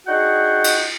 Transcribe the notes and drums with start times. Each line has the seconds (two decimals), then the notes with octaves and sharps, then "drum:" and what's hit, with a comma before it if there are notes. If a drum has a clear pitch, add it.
0.07 D4 D#4 F#4 G#4 F#5 G5
0.64 drum: cymbal